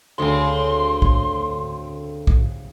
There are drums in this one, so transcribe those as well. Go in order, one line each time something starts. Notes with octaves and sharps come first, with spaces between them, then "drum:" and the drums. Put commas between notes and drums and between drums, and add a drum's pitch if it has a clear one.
D2 C#3 C4 C6
drum: kick B1
drum: kick B1